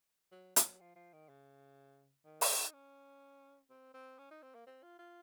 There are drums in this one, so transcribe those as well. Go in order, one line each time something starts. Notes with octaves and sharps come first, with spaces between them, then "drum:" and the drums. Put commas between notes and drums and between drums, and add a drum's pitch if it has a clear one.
F#3
F#3, drum: hi-hat
F3
F3
D#3
C#3
D#3
C4, drum: open hi-hat
D#4
C#4
C4
C4
C#4
D#4
C4
A#3
C4
F4
F4